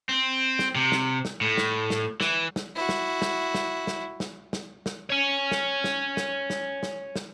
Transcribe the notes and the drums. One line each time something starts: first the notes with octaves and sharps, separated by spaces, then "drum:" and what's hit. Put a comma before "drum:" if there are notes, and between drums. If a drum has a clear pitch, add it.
C4
drum: snare
C3
drum: snare
drum: snare
A2
drum: snare
drum: snare
E3, drum: snare
drum: snare
E4 F#4
drum: snare
drum: snare
drum: snare
drum: snare
drum: snare
drum: snare
drum: snare
C#5 G#5
drum: snare
drum: snare
drum: snare
drum: snare
drum: snare
drum: snare